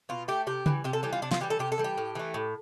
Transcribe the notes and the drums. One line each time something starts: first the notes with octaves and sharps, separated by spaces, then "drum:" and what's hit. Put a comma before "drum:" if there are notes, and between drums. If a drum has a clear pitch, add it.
B2 F4
A3 G4
C3 G4
E3 G3, drum: tom C#3
C3 G4
A4
E3 G3 G4
F4
C3 D4
F4, drum: snare
E3 G3 G4
A4
C3 G4
A4
E3 G3
G4
A2
E3 A3
A2